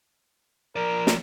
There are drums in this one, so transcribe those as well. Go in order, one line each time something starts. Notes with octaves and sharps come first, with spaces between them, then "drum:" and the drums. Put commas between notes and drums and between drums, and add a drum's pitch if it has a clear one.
F3 A#4 D5
drum: snare